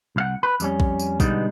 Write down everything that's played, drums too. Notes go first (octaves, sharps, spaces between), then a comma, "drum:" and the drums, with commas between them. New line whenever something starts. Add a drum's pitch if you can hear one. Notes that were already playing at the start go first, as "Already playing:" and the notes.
C2 F5 F#5
B4
F2 G3 C#4, drum: tambourine
drum: kick
drum: tambourine
B2 D3 G3 G#3 B3 D#4, drum: kick, tambourine